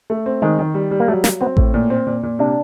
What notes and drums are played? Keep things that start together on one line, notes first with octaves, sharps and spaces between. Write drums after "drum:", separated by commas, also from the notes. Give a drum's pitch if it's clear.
A3
C4
D#3 G#3
D#3
G3
G3
A#3
F#3 A3
F#3 A#3, drum: snare
B3 C4
A2, drum: kick A1
A#2
C4
A#2
A#2
C3 D4